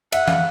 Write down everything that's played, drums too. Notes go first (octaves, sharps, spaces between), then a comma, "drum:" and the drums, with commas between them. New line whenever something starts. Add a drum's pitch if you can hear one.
E5 F#5, drum: cymbal
F5, drum: tom E3